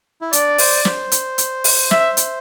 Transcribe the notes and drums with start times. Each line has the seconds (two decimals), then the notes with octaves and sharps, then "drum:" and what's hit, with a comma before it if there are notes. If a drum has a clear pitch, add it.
0.22 E4
0.33 D4 D5, drum: hi-hat
0.58 C5, drum: open hi-hat
0.85 C5, drum: snare
1.12 drum: hi-hat
1.38 drum: hi-hat
1.64 drum: open hi-hat
1.91 E5, drum: snare
2.17 drum: hi-hat